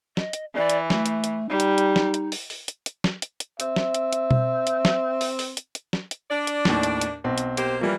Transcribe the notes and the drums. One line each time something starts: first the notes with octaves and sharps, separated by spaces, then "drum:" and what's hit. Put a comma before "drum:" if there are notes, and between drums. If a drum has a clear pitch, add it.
D#5, drum: snare
drum: hi-hat
E3 D5
drum: hi-hat
A3, drum: snare
drum: hi-hat
drum: hi-hat
G3 D#4
drum: hi-hat
drum: hi-hat
drum: snare
drum: hi-hat
drum: open hi-hat
drum: open hi-hat
drum: hi-hat
drum: hi-hat
drum: snare
drum: hi-hat
drum: hi-hat
C4 E5, drum: hi-hat
drum: snare
drum: hi-hat
drum: hi-hat
drum: tom B2
drum: hi-hat
drum: snare
drum: open hi-hat
drum: open hi-hat
drum: hi-hat
drum: hi-hat
drum: snare
drum: hi-hat
D4 D5
drum: hi-hat
D#2 A2, drum: snare
drum: hi-hat
drum: hi-hat
B1 C4
drum: hi-hat
A#3 G4 C5, drum: hi-hat
E3 F3 G3 A#3